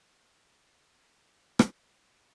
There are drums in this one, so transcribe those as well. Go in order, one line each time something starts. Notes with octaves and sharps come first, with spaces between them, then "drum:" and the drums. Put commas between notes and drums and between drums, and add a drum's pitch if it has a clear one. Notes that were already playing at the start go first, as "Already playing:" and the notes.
Already playing: A#2
D3
D#3
drum: rim click